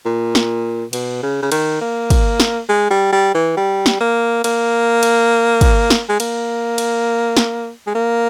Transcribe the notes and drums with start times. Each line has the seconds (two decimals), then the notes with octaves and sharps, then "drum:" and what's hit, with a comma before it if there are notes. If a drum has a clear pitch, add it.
0.06 A#2
0.35 drum: snare
0.93 B2, drum: cymbal
1.23 C#3
1.42 C#3
1.52 D#3, drum: cymbal
1.81 A#3
2.10 drum: kick, cymbal
2.40 drum: snare
2.69 G#3
2.91 G3
3.12 G3
3.35 E3
3.57 G3
3.86 drum: snare
4.00 A#3
4.44 A#3, drum: cymbal
5.03 drum: cymbal
5.61 drum: kick, cymbal
5.90 drum: snare
6.09 G#3
6.20 A#3, drum: cymbal
6.78 drum: cymbal
7.37 drum: snare
7.87 G#3
7.95 A#3